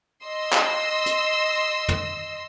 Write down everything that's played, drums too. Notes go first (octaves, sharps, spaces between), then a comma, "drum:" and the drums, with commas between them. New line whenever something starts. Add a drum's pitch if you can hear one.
D#5 C6 E6
drum: clap
drum: hi-hat
drum: tom